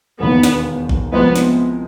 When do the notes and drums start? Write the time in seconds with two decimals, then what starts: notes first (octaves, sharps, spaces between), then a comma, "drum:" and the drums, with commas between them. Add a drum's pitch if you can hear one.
0.20 E1 D#2 D#3 B3
0.43 drum: snare
0.89 drum: kick A#1
1.12 C2 C3 F3 G#3 B3 C4
1.36 drum: snare